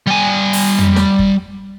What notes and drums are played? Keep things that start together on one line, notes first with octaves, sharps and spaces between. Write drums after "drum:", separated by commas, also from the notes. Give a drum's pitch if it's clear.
G3 G#5
drum: open hi-hat
drum: tom
drum: snare
drum: kick F#1